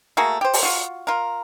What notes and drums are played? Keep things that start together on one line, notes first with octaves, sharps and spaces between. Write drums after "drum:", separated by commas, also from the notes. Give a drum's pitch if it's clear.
A3 A#3 F#4 G#4
G4 C5
drum: open hi-hat
F4 F#4
F4 A#4